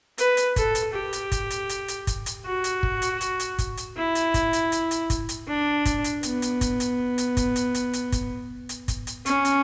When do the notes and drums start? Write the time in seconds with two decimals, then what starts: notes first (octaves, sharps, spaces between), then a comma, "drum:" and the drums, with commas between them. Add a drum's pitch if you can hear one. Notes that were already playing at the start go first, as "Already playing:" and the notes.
0.18 B4, drum: hi-hat
0.37 drum: hi-hat
0.56 A4, drum: kick, hi-hat
0.75 drum: hi-hat
0.93 G4
1.13 drum: hi-hat
1.32 drum: kick, hi-hat
1.51 drum: hi-hat
1.69 drum: hi-hat
1.88 drum: hi-hat
2.07 drum: kick, hi-hat
2.26 drum: hi-hat
2.45 F#4
2.64 drum: hi-hat
2.83 drum: kick
3.02 drum: hi-hat
3.21 drum: hi-hat
3.40 drum: hi-hat
3.59 drum: kick, hi-hat
3.77 drum: hi-hat
3.97 E4
4.15 drum: hi-hat
4.34 drum: kick, hi-hat
4.53 drum: hi-hat
4.72 drum: hi-hat
4.91 drum: hi-hat
5.10 drum: kick, hi-hat
5.29 drum: hi-hat
5.48 D4
5.85 drum: kick, hi-hat
6.04 drum: hi-hat
6.23 B3, drum: hi-hat
6.42 drum: hi-hat
6.61 drum: kick, hi-hat
6.80 drum: hi-hat
7.18 drum: hi-hat
7.37 drum: kick, hi-hat
7.56 drum: hi-hat
7.75 drum: hi-hat
7.93 drum: hi-hat
8.12 drum: kick, hi-hat
8.69 drum: hi-hat
8.88 drum: kick, hi-hat
9.07 drum: hi-hat
9.26 C#4, drum: hi-hat
9.45 drum: hi-hat